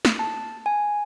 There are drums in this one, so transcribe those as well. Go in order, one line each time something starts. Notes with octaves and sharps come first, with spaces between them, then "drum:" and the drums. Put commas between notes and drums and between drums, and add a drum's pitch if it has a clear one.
drum: snare
A5
G#5